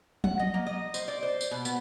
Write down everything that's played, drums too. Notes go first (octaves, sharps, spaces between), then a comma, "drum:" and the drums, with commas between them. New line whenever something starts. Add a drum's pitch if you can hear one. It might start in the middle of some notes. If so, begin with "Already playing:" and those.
F#5, drum: tom F3
D#5
A#3
D#5
C5, drum: tambourine
D5
C5
drum: tambourine
B2
B3, drum: tambourine